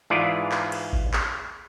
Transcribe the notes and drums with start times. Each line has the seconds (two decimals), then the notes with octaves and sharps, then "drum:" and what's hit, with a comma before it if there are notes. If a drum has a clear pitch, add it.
0.10 G#2 E3 E4 F4 G#4 D5
0.51 drum: clap
0.72 drum: cymbal
0.93 drum: kick A1
1.13 drum: clap